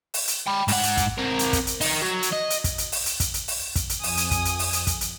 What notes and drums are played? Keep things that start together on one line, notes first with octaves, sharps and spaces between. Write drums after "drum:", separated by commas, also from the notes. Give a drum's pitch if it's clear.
drum: open hi-hat
drum: hi-hat
G5 B5
G#2 F#5, drum: open hi-hat
drum: hi-hat
drum: kick, hi-hat
C4 A#4
drum: hi-hat
drum: kick, hi-hat
drum: hi-hat
D#4 A#4, drum: open hi-hat
F#3
drum: hi-hat
D#5
drum: hi-hat
drum: kick, hi-hat
drum: hi-hat
drum: open hi-hat
drum: hi-hat
drum: kick, hi-hat
drum: hi-hat
drum: open hi-hat
drum: kick, hi-hat
drum: hi-hat
F2 G#5 D#6, drum: open hi-hat
drum: hi-hat
drum: kick, hi-hat
drum: hi-hat
drum: open hi-hat
drum: hi-hat
drum: kick, hi-hat
drum: hi-hat